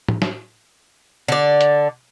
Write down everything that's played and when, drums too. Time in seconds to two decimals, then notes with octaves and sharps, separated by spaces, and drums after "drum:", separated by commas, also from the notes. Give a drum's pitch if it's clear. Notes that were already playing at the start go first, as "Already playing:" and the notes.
0.08 drum: tom
0.22 drum: snare
1.28 D3 D5
1.61 drum: hi-hat